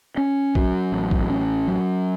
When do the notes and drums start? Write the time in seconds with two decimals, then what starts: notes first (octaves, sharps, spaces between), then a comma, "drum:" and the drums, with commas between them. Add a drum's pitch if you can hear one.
0.17 C#4
0.55 F#3, drum: kick
0.92 A1
1.11 drum: kick
1.30 C#4
1.67 F#3